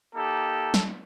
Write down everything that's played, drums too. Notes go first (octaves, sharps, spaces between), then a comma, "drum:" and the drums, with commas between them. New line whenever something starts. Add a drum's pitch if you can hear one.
A#3 D#4 G4 A4
drum: snare